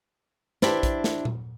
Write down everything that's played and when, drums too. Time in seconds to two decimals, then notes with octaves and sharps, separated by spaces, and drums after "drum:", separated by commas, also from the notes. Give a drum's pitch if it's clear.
0.62 D4 E4 G4 C5, drum: snare
0.83 drum: kick A#1, hi-hat
1.04 drum: snare
1.25 drum: tom A#2